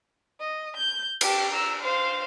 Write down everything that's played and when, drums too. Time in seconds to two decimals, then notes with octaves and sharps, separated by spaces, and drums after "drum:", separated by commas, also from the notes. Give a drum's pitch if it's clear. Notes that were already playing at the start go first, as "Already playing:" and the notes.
0.40 D#5
0.77 G6
1.21 G4 A5, drum: cymbal
1.51 A#5 E6
1.82 C5 F5